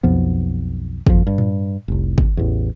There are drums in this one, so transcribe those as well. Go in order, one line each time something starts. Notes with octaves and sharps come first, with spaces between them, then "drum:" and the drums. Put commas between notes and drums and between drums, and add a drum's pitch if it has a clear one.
B1 F2 F3 B3
F#1 F2 F3, drum: kick
G2
drum: tom A2
F1 C2
drum: kick
A1 E2